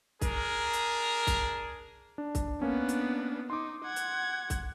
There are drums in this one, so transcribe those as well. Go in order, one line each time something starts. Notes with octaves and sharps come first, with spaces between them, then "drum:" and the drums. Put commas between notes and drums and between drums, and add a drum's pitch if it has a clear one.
D4 G#4 A#4, drum: kick C2, hi-hat
drum: hi-hat
drum: kick C2, hi-hat
D4
drum: kick C2, hi-hat
A#3 B3 C#4 D4
drum: hi-hat
D#4 C6 D6
F#5 G#6
drum: hi-hat
drum: kick C2, hi-hat